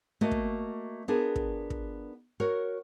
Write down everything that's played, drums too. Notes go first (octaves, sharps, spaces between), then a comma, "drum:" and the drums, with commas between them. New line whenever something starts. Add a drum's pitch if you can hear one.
A3 A#3 F#4 D#5
drum: kick
B3 D4 F4 G#4 A#4
drum: kick
drum: kick
F#4 A#4 C#5